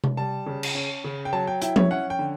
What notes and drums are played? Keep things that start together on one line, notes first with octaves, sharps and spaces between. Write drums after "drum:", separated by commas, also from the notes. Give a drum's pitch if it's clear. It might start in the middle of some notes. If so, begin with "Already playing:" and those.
drum: tom C3
G3 A5
C#3
drum: cymbal
C#4
C#3
G5
F#3 A5
G5
E4 G5, drum: hi-hat
C#5, drum: tom F3
C#4 F#5
G5
D3